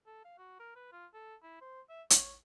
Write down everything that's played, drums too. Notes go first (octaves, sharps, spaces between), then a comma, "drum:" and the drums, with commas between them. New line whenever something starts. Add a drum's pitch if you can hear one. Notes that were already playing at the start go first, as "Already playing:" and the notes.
A4
F5
F#4
A#4
B4
F4
A4
E4
C5
E5
C#5, drum: hi-hat